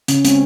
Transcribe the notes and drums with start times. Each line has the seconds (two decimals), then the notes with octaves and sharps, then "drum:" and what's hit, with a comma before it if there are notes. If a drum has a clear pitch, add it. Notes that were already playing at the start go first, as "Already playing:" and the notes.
0.08 C#3 C#4, drum: hi-hat
0.25 G#3 C4 C#4, drum: hi-hat